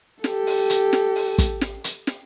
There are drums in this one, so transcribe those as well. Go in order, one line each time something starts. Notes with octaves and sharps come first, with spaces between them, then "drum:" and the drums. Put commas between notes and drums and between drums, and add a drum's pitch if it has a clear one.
G4 A4, drum: snare
drum: open hi-hat
drum: hi-hat
drum: snare
drum: open hi-hat
drum: kick, hi-hat
drum: snare
drum: hi-hat
drum: snare